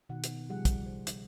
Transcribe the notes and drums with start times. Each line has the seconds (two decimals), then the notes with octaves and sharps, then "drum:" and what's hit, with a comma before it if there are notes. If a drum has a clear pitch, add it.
0.09 B2 D#3 F#5
0.24 drum: hi-hat
0.49 C#3 F3 G3 G4 G#4 F#5
0.65 drum: kick, hi-hat
0.86 C5
1.07 drum: hi-hat